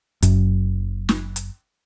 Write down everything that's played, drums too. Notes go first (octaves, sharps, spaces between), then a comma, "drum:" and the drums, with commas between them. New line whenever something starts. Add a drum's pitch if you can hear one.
F#1 F#2, drum: hi-hat
drum: snare
drum: hi-hat